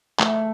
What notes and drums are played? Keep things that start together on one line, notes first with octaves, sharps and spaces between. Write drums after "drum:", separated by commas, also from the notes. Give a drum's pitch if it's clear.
A3, drum: clap